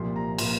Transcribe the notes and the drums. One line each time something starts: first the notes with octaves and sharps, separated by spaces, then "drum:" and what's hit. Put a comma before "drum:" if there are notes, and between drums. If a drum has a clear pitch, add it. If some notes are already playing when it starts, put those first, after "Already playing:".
Already playing: C2 A#2 F3 C6
A#5
A#2 F3 C6, drum: cymbal